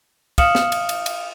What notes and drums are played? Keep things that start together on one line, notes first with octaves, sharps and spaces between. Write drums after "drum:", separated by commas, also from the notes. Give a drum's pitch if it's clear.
F5 D#6 F6 C#7 E7 F#7, drum: kick, cymbal
drum: snare
drum: cymbal
drum: cymbal
drum: cymbal